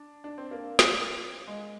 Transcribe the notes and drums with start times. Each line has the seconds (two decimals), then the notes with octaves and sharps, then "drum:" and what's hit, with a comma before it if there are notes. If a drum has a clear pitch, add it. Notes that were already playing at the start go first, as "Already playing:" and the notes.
Already playing: D4
0.24 D4
0.38 C4
0.51 A#3
0.79 drum: snare
1.47 G#3